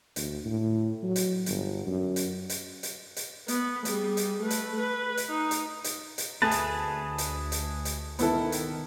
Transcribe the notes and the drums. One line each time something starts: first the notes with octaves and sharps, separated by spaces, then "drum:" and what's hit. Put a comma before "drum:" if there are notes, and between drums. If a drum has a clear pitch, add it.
D2, drum: hi-hat
A2
F#3
drum: hi-hat
G1, drum: hi-hat
F#2
drum: hi-hat
drum: hi-hat
drum: hi-hat
drum: hi-hat
B3, drum: hi-hat
G3 G#4, drum: hi-hat
drum: hi-hat
A3 B4
drum: hi-hat
B4
drum: hi-hat
D#4
drum: hi-hat
drum: hi-hat
drum: hi-hat
D2 A3 G#4 B4 A5 A6
drum: hi-hat
drum: hi-hat
drum: hi-hat
drum: hi-hat
D#3 B3 E4 A4, drum: hi-hat
drum: hi-hat